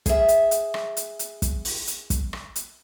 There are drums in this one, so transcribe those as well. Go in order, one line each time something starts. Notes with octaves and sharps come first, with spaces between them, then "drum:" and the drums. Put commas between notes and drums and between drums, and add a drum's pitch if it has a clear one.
G#4 E5, drum: kick, hi-hat
drum: hi-hat
drum: hi-hat
drum: rim click
drum: hi-hat
drum: hi-hat
drum: kick, hi-hat
drum: open hi-hat
drum: hi-hat
drum: kick, hi-hat
drum: rim click
drum: hi-hat